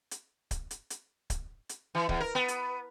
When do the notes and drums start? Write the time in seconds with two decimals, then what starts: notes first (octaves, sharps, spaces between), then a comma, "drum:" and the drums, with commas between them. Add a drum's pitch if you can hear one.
0.11 drum: hi-hat
0.51 drum: kick C#1, hi-hat
0.71 drum: hi-hat
0.90 drum: hi-hat
1.30 drum: kick C#1, hi-hat
1.69 drum: hi-hat
1.95 E3
2.09 E2, drum: kick C#1
2.20 A#4
2.35 B3
2.48 drum: hi-hat